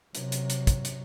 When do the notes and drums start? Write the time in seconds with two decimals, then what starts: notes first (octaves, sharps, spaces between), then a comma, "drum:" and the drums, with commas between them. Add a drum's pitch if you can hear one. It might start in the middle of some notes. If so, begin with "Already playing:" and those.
0.15 C3 F#3, drum: hi-hat
0.32 drum: hi-hat
0.50 drum: hi-hat
0.67 drum: kick, hi-hat
0.85 drum: hi-hat